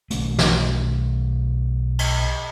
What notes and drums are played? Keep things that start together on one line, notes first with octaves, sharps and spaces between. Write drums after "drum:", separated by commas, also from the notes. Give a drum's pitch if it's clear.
B1 A3, drum: hi-hat
drum: snare
drum: cymbal